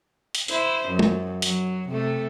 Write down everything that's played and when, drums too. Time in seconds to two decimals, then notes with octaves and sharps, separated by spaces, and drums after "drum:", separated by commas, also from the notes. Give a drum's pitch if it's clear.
0.35 drum: hi-hat
0.48 E4 C5, drum: hi-hat
0.88 F#2
0.99 drum: tom
1.42 F#3, drum: hi-hat
1.88 C3 A3